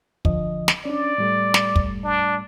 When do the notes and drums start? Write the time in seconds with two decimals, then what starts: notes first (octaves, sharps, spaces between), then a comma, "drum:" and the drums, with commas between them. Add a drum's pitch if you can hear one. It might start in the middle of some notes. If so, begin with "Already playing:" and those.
0.25 D3 F3 D#5, drum: kick
0.68 drum: snare
0.85 C#4 D4 D5
1.18 A2 G3 A3
1.54 drum: snare
1.76 drum: kick
2.04 D4